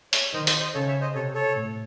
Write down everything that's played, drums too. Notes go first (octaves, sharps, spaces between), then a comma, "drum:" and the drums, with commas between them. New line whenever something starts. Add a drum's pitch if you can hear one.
C#5 E5, drum: hi-hat
D#3 C5 D#5
C5 D#5, drum: hi-hat
C5 D#5
C#3 A4 C#5
C#5 E5
C5 D#5
C3 A4 C#5
A4 C#5
A2